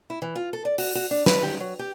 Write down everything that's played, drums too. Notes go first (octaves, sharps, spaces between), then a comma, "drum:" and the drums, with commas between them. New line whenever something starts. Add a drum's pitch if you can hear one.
E4
E3
F4
A4
D5
F#4, drum: open hi-hat
F#4
D4
B4, drum: snare
G4
F#3
G4